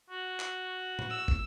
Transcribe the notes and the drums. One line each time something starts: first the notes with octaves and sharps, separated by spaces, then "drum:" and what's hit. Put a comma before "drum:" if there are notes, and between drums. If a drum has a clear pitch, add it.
F#4
drum: clap
drum: tom A2
E6
drum: kick